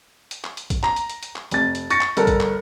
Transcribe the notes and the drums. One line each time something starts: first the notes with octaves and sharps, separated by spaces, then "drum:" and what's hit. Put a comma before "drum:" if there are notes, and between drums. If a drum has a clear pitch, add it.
drum: hi-hat
drum: clap
drum: hi-hat
drum: kick, hi-hat
A#5, drum: clap
drum: hi-hat
drum: hi-hat
drum: hi-hat
drum: clap
F1 A6, drum: hi-hat
drum: hi-hat
C#6 A6 A#6 C#7, drum: hi-hat
drum: clap
G1 A4 A#4, drum: hi-hat
drum: kick, hi-hat
drum: clap